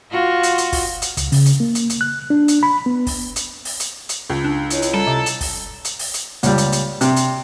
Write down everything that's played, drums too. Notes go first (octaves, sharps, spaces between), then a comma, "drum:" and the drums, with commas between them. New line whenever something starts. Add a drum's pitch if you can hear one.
F4 F#4
drum: hi-hat
drum: hi-hat
drum: kick, open hi-hat
drum: hi-hat
C#2, drum: hi-hat
C#3, drum: open hi-hat
drum: hi-hat
A#3
drum: hi-hat
drum: hi-hat
F#6
D4
drum: hi-hat
B5
B3
drum: kick, open hi-hat
drum: hi-hat
drum: open hi-hat
drum: hi-hat
drum: hi-hat
C#2
D4
E4 C#5 D#5, drum: hi-hat
drum: hi-hat
G3 A4 D#5 A#5
C3
drum: hi-hat
drum: kick, open hi-hat
drum: hi-hat
drum: open hi-hat
drum: hi-hat
C#2 G3, drum: hi-hat
drum: hi-hat
drum: hi-hat
C3, drum: hi-hat
drum: hi-hat